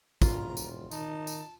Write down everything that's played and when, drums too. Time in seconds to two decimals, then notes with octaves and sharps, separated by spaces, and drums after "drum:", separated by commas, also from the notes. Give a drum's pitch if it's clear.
0.22 E1 F4 A#5, drum: kick, tambourine
0.57 drum: tambourine
0.91 D#3 D#4 A5, drum: tambourine
1.27 drum: tambourine